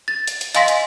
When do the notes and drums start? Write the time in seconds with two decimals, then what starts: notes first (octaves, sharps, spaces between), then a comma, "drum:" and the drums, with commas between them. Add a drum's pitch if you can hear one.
0.08 A6
0.28 drum: hi-hat
0.41 drum: hi-hat
0.55 D#5 F5 G#5 C6 A#6 B6, drum: hi-hat
0.68 drum: hi-hat